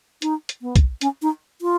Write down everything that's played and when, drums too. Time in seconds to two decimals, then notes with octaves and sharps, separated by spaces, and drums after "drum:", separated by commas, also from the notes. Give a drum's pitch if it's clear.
0.22 D#4, drum: hi-hat
0.49 drum: hi-hat
0.62 B3
0.76 drum: kick, hi-hat
1.01 C#4, drum: hi-hat
1.22 D#4
1.62 F4